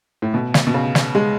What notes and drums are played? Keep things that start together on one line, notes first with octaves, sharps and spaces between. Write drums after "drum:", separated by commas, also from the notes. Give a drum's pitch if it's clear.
A2
B2
drum: snare
B2
C#3
drum: snare
G#3